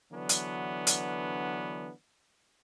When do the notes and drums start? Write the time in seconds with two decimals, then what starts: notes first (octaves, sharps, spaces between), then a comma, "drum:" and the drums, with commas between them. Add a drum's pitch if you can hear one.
0.12 D3 E3 F#3 B3 D4
0.29 drum: hi-hat
0.87 drum: hi-hat